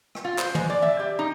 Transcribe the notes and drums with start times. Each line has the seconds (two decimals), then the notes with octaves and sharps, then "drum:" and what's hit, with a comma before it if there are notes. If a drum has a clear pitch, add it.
0.15 drum: rim click
0.25 F4
0.38 C5, drum: clap
0.55 G#3, drum: tom
0.70 D5
0.82 E5
0.99 G4
1.19 D#4